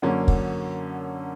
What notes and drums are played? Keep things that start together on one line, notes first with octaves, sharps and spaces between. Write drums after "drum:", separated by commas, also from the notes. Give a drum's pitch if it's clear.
F#2 D3 F#3 A#3 C#4
drum: kick